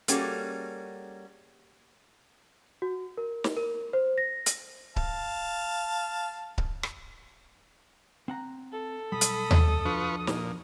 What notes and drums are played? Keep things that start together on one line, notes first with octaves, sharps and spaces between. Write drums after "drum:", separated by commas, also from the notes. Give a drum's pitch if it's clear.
G3 A#3 C#4 F#4 G#4 A4, drum: hi-hat
F#4
A#4
drum: snare
A#4
C5
A#6
drum: hi-hat
F5 A5, drum: kick C#1
drum: kick C#1
drum: rim click
C4 F#5 A#5
A4
B1 G2 G3 B5 D#6
drum: hi-hat
drum: tom D#2
F3 D4 F4 F#4 B4 C#6
A#2, drum: snare